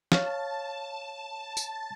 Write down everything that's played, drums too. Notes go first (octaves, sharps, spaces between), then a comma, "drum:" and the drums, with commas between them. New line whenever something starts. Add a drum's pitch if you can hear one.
C#5 F5 A5, drum: snare
drum: tambourine